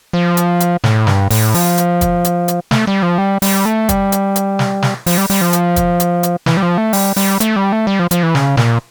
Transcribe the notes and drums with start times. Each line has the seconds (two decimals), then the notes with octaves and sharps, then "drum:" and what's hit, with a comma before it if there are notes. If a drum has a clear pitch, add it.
0.13 F3
0.37 drum: hi-hat
0.60 drum: hi-hat
0.84 A2, drum: snare
1.07 G2, drum: snare
1.31 A2, drum: open hi-hat
1.54 F3, drum: open hi-hat
1.78 drum: hi-hat
2.01 drum: kick, hi-hat
2.25 drum: hi-hat
2.48 drum: hi-hat
2.71 A3, drum: snare
2.87 G3
3.02 F3
3.18 G3
3.42 G3, drum: open hi-hat
3.65 A3
3.89 G3, drum: kick, hi-hat
4.12 drum: hi-hat
4.36 drum: hi-hat
4.59 drum: snare
4.82 drum: snare
5.07 F3, drum: open hi-hat
5.17 G3
5.30 G3, drum: open hi-hat
5.41 F3
5.53 drum: hi-hat
5.76 drum: kick, hi-hat
6.00 drum: hi-hat
6.23 drum: hi-hat
6.46 E3, drum: snare
6.57 G3
6.62 F3
6.78 A3
6.93 G3, drum: open hi-hat
7.17 G3, drum: open hi-hat
7.40 A3, drum: hi-hat
7.56 G3
7.72 A3
7.87 G3
7.99 F3
8.11 F3, drum: hi-hat
8.23 E3
8.35 C#3, drum: snare
8.57 A#2, drum: snare